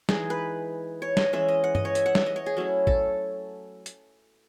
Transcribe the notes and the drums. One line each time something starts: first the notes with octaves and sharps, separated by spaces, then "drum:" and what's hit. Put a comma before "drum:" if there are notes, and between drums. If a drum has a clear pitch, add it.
E3 G#3 D#4 G#4, drum: snare
B4
C#5
D#5, drum: snare
E3 G#3 C#4 E5
D#5
F#5
D#5, drum: tom G2
C#5
E5, drum: hi-hat
F#5
E5, drum: snare
D#5
C#5
G#4
F#3 A3 C#4 E4
A4, drum: kick
drum: hi-hat